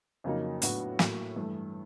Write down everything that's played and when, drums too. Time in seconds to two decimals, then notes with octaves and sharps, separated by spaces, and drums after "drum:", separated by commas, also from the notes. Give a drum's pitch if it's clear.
0.24 F2 C#3 F#3 A#3 D#4
0.62 A2 F#3 B3 D4 F#4, drum: hi-hat
0.99 A2 F#3 A#3, drum: snare
1.36 G2 E3 A3